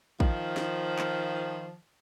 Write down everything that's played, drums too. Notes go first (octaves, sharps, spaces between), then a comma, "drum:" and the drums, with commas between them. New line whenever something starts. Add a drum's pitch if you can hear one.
D#3 F3, drum: kick
drum: snare
drum: clap